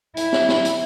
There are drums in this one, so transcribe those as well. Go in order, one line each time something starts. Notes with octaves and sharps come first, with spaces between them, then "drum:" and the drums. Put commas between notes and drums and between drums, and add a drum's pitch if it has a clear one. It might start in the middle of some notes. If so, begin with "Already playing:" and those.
E4, drum: hi-hat
drum: snare
drum: snare
drum: hi-hat